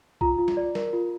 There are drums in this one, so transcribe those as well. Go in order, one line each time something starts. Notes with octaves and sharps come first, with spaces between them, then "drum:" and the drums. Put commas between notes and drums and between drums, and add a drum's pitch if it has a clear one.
F4 A#5, drum: kick
F4
drum: snare
D5
A#4, drum: snare
F4